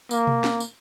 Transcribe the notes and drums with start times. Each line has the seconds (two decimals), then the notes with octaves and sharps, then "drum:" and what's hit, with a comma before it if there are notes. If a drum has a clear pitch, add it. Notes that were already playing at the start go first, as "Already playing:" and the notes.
0.11 A#3, drum: tambourine
0.27 drum: tom B2
0.44 drum: snare
0.60 drum: tambourine